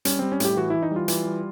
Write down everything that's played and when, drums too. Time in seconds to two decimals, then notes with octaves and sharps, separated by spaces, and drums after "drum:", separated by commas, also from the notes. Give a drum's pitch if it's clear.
0.05 G3 C#4, drum: hi-hat
0.19 G3 C4
0.32 C#4
0.40 A2 G4, drum: hi-hat
0.56 E3 F#4
0.70 E3 E4
0.82 D#4
0.91 G3
0.96 F4
1.08 E3, drum: hi-hat
1.25 G3